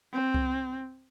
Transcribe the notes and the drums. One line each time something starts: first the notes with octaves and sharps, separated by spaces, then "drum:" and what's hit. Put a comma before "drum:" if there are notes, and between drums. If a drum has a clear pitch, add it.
C4
drum: kick C2